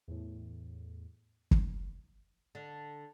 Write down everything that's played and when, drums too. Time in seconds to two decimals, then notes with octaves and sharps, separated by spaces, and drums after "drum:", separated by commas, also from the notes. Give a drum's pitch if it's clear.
0.08 E2 A2
1.51 drum: kick
2.55 D3